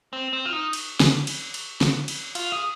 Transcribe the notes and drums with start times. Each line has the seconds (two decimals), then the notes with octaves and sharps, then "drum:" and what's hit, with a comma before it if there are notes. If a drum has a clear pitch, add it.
0.13 C4
0.33 C4
0.45 F4
0.52 D#4
0.73 drum: cymbal
1.00 drum: snare
1.27 drum: cymbal
1.54 drum: cymbal
1.81 drum: snare
2.08 drum: cymbal
2.35 F4, drum: cymbal
2.52 G#4